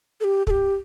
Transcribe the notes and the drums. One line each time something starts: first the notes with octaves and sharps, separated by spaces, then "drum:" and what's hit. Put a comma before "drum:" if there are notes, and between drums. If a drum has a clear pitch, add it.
A4
G4
A4, drum: kick
G4